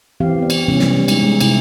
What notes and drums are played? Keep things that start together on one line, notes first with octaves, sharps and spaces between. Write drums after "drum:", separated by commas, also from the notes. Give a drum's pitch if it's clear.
E3 C4 G4 F5
B3 D5
drum: cymbal
C3 E3 G3 C#4
drum: snare
G#3 D#4, drum: cymbal
G#3
C3 G#3 E4, drum: cymbal